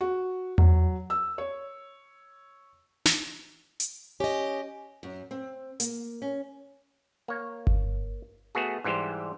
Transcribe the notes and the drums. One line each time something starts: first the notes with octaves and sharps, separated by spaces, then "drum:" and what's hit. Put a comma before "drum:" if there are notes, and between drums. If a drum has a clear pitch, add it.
F#4
F#3, drum: tom E2
E6
C#5
drum: snare
drum: hi-hat
C#4 G4 D#5
F#2
C4
A#3, drum: hi-hat
C#4
A#3 C#5
drum: kick G1
A3 B3 F#4 G#4
G#2 E3 G3 G4 C5